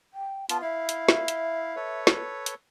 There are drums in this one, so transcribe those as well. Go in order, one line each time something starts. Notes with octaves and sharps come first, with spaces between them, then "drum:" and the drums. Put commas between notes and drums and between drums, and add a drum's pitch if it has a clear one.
G5
B3 F4 A5, drum: hi-hat
E4 E5 F5
drum: hi-hat
drum: snare
drum: hi-hat
A4 B4 C#5
drum: snare
drum: hi-hat